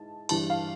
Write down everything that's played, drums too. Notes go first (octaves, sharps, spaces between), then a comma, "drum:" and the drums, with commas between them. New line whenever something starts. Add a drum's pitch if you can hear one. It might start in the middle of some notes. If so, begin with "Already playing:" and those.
Already playing: G#2 E4 A5
G2 E3 G3 A5, drum: cymbal
F5